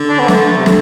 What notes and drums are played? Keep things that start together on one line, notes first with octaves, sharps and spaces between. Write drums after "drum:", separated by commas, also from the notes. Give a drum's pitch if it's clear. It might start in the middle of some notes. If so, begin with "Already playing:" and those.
Already playing: D3
D4
B3
A3, drum: snare
C3
D3, drum: snare